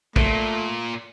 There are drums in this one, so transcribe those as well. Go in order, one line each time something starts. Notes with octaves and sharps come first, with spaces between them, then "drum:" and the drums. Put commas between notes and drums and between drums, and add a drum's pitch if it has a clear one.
A#2 A3, drum: kick